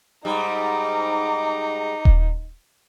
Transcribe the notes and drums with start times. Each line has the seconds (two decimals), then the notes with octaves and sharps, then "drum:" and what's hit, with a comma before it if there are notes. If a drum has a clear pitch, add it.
0.25 G#2 G3 D#4 A#5 D6
2.05 drum: kick D#1